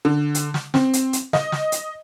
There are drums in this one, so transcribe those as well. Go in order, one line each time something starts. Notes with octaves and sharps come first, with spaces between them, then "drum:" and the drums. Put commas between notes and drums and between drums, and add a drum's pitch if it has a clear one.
D3
drum: hi-hat
drum: snare
C4, drum: snare
drum: hi-hat
drum: hi-hat
D#5, drum: snare
drum: snare
drum: hi-hat